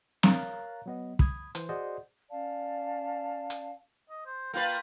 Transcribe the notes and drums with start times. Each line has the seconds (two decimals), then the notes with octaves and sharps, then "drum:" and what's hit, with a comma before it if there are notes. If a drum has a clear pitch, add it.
0.23 A#4 C#5 F5 A#5 F#6 A6, drum: snare
0.86 F#3 B3 D#5
1.19 B5 D#6 G#6, drum: kick
1.55 E3 C5, drum: hi-hat
1.69 F#4 G#4 C5 D5 D#5 F#5
2.30 C#4 D5 F5 A5
3.50 drum: hi-hat
4.10 D#5
4.26 C5
4.54 A#3 F4 B4 G5